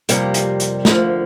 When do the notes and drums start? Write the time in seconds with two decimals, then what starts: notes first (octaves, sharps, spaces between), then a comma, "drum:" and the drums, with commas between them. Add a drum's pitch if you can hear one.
0.09 F2 C3 G3 A#3, drum: hi-hat
0.34 drum: hi-hat
0.60 drum: hi-hat
0.85 D2 D3 F3, drum: snare